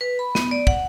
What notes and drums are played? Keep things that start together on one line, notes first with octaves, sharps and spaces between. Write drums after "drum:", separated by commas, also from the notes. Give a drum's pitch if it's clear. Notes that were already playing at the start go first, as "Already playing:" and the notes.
B4
B5
B3, drum: snare
D5
F#5, drum: kick